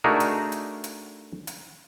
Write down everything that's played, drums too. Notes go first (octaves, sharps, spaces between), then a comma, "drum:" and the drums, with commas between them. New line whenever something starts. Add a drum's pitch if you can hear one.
A3 D4 D#4 F#4 G#4 A#4
drum: hi-hat
drum: hi-hat
drum: hi-hat
drum: hi-hat